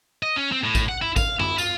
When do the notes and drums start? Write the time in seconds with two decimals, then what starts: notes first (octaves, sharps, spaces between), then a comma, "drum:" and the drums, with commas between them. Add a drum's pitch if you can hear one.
0.23 D#5
0.36 C#4
0.52 C4
0.64 A2
0.75 drum: kick A1, tambourine
0.89 F#5
1.02 E4
1.16 F5, drum: kick A1, tambourine
1.40 E4, drum: tom F#2
1.58 F4, drum: tambourine